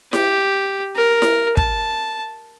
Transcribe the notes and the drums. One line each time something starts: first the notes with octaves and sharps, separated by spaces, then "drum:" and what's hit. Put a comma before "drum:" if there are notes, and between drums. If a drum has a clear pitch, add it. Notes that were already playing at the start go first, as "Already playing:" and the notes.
G4, drum: snare E4
A#4
drum: snare E4
A5, drum: kick